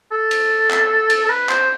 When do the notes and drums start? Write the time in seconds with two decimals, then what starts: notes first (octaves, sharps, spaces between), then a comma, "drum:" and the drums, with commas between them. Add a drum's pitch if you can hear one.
0.11 A4
0.31 drum: cymbal
0.70 drum: clap
1.10 drum: cymbal
1.24 A4
1.29 B4
1.49 C5, drum: clap